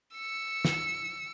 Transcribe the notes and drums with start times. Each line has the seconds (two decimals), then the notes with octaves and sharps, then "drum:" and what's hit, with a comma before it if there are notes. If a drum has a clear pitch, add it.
0.16 E6 C#7
0.65 drum: snare